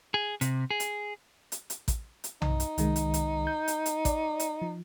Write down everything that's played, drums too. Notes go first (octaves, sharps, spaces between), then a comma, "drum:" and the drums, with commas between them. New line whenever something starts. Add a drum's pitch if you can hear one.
G#4
C3, drum: hi-hat
G#4
drum: hi-hat
drum: hi-hat
drum: hi-hat
drum: kick A1, hi-hat
drum: hi-hat
D#4, drum: tom B1
drum: hi-hat
C2 D#3 G#3, drum: hi-hat
drum: hi-hat
drum: hi-hat
G6
drum: hi-hat
drum: hi-hat
D5, drum: kick A1, hi-hat
drum: hi-hat
F3